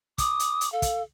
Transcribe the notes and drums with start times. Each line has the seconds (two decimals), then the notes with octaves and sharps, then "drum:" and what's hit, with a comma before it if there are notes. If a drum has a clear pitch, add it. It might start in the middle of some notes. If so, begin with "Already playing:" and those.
0.18 D6 D#6, drum: kick, hi-hat
0.40 drum: hi-hat
0.61 drum: hi-hat
0.72 A4 F5
0.82 drum: kick, hi-hat